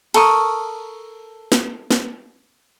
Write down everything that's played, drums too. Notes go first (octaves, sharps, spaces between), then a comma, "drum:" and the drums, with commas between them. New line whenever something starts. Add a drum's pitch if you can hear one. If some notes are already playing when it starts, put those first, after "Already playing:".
A4 A#4 C#6 D#6, drum: cymbal
drum: snare
drum: snare